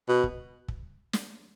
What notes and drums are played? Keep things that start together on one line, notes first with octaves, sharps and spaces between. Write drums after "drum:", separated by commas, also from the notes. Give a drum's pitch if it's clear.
B2
drum: kick
drum: kick
drum: snare